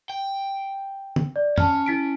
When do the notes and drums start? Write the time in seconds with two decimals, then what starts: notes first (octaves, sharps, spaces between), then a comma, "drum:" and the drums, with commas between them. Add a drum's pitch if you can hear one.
0.10 G5
1.16 drum: tom
1.36 D5
1.58 C#4 A5 F6, drum: tom
1.86 E4 B6 D7